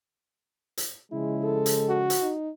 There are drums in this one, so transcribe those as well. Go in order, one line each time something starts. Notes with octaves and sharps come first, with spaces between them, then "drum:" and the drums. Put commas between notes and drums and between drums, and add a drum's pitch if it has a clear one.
drum: hi-hat
C#3 F3 G#3 E4
A4
drum: hi-hat
F#4
drum: hi-hat
D#4